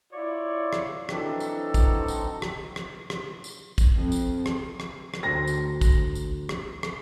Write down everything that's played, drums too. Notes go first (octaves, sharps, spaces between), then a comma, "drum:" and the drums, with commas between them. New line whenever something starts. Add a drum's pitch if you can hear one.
E4 F4 C#5 D5
drum: rim click
E3 F#3 C4 D4 D#4 A4, drum: rim click
drum: tambourine
drum: kick, tambourine
drum: tambourine
drum: rim click
drum: rim click
drum: rim click
drum: tambourine
drum: kick, tambourine
F2
drum: tambourine
drum: rim click
drum: rim click
drum: rim click
D2 C5 A#5 A#6
drum: tambourine
drum: kick, tambourine
drum: tambourine
drum: rim click
drum: rim click